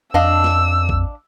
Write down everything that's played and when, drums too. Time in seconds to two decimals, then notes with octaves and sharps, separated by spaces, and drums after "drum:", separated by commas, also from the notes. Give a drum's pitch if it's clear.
0.14 F2 D4 D#5 F5 E6
0.44 drum: snare
0.89 drum: kick A1